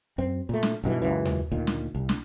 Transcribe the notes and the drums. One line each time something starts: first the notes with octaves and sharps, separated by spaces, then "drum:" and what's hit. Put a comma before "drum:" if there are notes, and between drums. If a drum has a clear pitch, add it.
F#2 C4
A#2 A3
drum: snare
B1 G2 B2 E3
C#2 F#2 E3
drum: tom D#2
D2 A#2 D#3
drum: snare
C2
drum: snare